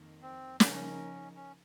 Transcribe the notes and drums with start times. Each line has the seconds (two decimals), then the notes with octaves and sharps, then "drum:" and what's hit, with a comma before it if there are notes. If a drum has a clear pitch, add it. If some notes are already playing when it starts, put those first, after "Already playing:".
Already playing: F2 D#3 A#3
0.22 C4
0.60 C#3 F3 A#3 C#4 D#4 A#4, drum: snare
1.35 C#4